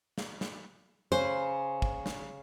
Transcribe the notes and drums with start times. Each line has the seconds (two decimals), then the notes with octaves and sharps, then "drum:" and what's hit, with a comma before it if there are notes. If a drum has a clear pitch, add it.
0.18 drum: snare
0.41 drum: snare
1.12 C#3 C#4 B4 C5
1.82 drum: kick
2.06 drum: snare